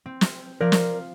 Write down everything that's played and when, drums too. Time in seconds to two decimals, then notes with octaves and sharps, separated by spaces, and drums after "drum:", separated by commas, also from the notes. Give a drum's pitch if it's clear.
0.06 C4
0.21 drum: snare
0.61 F3 A#4 D5 F5
0.72 drum: snare